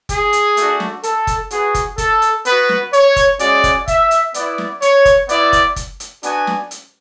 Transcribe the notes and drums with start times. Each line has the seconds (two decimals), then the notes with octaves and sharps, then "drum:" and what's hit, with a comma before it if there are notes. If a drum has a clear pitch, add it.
0.09 G#4, drum: kick F#1, hi-hat
0.33 drum: hi-hat
0.57 A3 D4 F#4, drum: hi-hat
0.80 drum: snare
1.03 A4, drum: hi-hat
1.27 drum: kick F#1, hi-hat
1.51 B3 F#4 G#4, drum: hi-hat
1.75 drum: kick F#1, hi-hat
1.98 A4, drum: kick F#1, hi-hat
2.22 drum: hi-hat
2.45 B3 F#4 B4, drum: hi-hat
2.69 drum: snare
2.93 C#5, drum: hi-hat
3.16 drum: kick F#1, hi-hat
3.39 G#3 C#4 F#4 D5, drum: hi-hat
3.64 drum: kick F#1, hi-hat
3.88 E5, drum: kick F#1, hi-hat
4.11 drum: hi-hat
4.34 B3 E4 D5, drum: hi-hat
4.58 drum: snare
4.82 C#5, drum: hi-hat
5.05 drum: kick F#1, hi-hat
5.29 B3 E4 D5, drum: hi-hat
5.53 drum: kick F#1, hi-hat
5.76 drum: kick F#1, hi-hat
6.00 drum: hi-hat
6.23 B3 D4 F#4 G#5, drum: hi-hat
6.47 drum: snare
6.71 drum: hi-hat